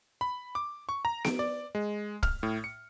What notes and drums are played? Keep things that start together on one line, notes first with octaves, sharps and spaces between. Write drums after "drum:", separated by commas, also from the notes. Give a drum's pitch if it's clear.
B5
D6
C#6
A#5
D7, drum: snare B3
D5
G#3
F6, drum: kick
A2
C#7